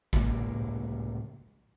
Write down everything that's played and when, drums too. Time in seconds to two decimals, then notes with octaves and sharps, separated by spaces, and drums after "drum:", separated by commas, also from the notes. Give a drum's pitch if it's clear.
0.13 C#2 A2 C3 A#3, drum: kick A1